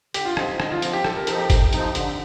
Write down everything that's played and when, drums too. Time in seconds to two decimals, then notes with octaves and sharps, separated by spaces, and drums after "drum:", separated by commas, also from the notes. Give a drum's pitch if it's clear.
0.14 D3 G4, drum: hi-hat
0.25 F4
0.37 F3 C4 D#4, drum: rim click
0.60 D3 D#4, drum: rim click
0.72 F4
0.82 F3 C4, drum: hi-hat
0.93 G4
1.04 C3 A4, drum: rim click
1.16 A#4
1.27 F3 C4 D#4 A4, drum: hi-hat
1.38 G4
1.50 C3, drum: kick, hi-hat
1.73 F3 C4 D#4, drum: hi-hat
1.95 D3, drum: hi-hat